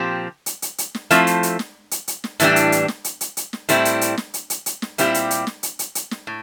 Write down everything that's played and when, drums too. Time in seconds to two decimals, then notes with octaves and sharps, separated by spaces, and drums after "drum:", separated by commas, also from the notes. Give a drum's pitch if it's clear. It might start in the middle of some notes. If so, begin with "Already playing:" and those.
Already playing: A#2 F3 C4 G4
0.46 drum: hi-hat
0.62 drum: hi-hat
0.78 drum: hi-hat
0.95 drum: snare
1.10 F3 A3 C4 E4, drum: hi-hat
1.27 drum: hi-hat
1.43 drum: hi-hat
1.59 drum: snare
1.91 drum: hi-hat
2.08 drum: hi-hat
2.24 drum: snare
2.40 A2 E3 G3 D4, drum: hi-hat
2.56 drum: hi-hat
2.72 drum: hi-hat
2.88 drum: snare
3.04 drum: hi-hat
3.21 drum: hi-hat
3.37 drum: hi-hat
3.53 drum: snare
3.69 A2 G3 C4 E4, drum: hi-hat
3.85 drum: hi-hat
4.01 drum: hi-hat
4.18 drum: snare
4.34 drum: hi-hat
4.50 drum: hi-hat
4.66 drum: hi-hat
4.82 drum: snare
4.98 A#2 G3 C4 E4 G4, drum: hi-hat
5.14 drum: hi-hat
5.31 drum: hi-hat
5.47 drum: snare
5.63 drum: hi-hat
5.79 drum: hi-hat
5.95 drum: hi-hat
6.11 drum: snare
6.27 A2